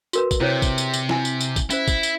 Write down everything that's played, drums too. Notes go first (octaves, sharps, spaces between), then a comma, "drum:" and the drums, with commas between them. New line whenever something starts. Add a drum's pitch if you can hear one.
F#4 A#4 B4, drum: tambourine
drum: kick, tambourine
C3 E4 C5 C#5
drum: kick, tambourine
drum: tambourine
drum: tambourine
E4 G#5, drum: snare
drum: tambourine
drum: tambourine
drum: kick, tambourine
C#4 E4 C5, drum: tambourine
drum: kick, tambourine
drum: tambourine